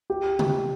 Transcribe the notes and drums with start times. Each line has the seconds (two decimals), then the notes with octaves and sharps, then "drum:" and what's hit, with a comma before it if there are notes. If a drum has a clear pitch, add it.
0.10 G4
0.39 drum: tom C3